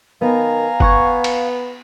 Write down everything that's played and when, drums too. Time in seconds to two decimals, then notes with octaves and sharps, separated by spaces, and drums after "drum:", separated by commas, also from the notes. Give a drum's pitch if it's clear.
0.21 D#3 B3 F5 G#5 A#5
0.80 B3 F#5 C#6 G#6, drum: kick F#1
1.24 drum: cymbal